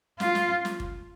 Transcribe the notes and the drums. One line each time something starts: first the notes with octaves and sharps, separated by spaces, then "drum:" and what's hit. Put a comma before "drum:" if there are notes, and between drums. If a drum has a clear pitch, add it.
F4, drum: snare
drum: snare
drum: snare
drum: kick